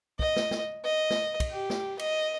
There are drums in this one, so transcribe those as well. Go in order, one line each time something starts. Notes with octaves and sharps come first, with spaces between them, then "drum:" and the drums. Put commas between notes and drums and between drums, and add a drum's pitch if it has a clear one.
D#5, drum: kick
drum: snare
drum: snare
D#5
drum: snare
drum: kick, cymbal
G4
drum: snare
D#5, drum: cymbal